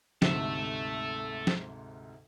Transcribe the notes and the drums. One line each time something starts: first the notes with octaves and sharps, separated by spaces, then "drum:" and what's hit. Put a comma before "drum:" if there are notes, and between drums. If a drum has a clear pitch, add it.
D2 G#2 C3 A4 E5, drum: snare
drum: snare